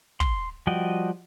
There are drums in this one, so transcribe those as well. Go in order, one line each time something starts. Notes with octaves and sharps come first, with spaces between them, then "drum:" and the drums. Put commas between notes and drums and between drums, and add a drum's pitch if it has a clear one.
C6, drum: kick
F3 G3 F#4 D#5 G5